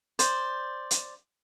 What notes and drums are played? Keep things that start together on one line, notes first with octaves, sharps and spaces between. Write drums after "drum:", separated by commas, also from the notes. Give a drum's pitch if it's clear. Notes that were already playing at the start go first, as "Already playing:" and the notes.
C5 D5, drum: hi-hat
drum: hi-hat